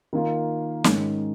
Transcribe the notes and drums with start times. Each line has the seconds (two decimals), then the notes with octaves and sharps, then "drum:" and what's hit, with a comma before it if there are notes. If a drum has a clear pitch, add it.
0.13 D#3 A#3 F4
0.84 G#2 D#3 C#4, drum: snare